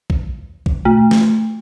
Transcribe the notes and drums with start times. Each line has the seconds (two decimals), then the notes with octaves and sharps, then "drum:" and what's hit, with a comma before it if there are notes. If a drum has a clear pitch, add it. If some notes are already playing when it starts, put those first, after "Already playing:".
0.10 drum: kick A#1
0.66 drum: kick A#1
0.85 A3, drum: tom A#2
1.11 drum: snare